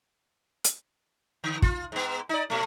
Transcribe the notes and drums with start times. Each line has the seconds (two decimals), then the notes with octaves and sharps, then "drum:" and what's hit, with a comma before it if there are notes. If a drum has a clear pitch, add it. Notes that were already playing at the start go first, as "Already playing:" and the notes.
0.64 drum: hi-hat
1.44 D3
1.62 F4, drum: kick
1.92 G#2 B3
2.29 D#4 D5
2.50 A#2 A3